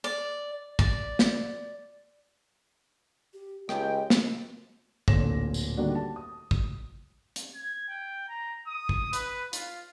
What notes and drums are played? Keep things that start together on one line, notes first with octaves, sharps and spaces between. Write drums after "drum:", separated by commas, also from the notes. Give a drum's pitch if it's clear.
D5
D5, drum: kick
drum: snare
G4
C#2 G4 D#5 G5, drum: rim click
drum: snare
D1 A#2 D3 A#6 E7, drum: kick
drum: tambourine
D3 D#3 G3 A#3 D4 F#4
A5
D#6
drum: kick
drum: hi-hat
G#6
G5
A#5
D#6
drum: kick
B4, drum: hi-hat
F4, drum: hi-hat